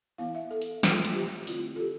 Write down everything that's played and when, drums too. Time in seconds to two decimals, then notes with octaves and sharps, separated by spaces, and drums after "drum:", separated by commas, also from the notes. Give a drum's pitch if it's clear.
0.18 E3 B3 E4 F5
0.35 E5
0.51 A4
0.61 drum: open hi-hat
0.83 F4, drum: snare
1.05 drum: hi-hat
1.15 G4
1.47 D3 A3 C4 E4 F4, drum: open hi-hat
1.76 A4
1.80 G4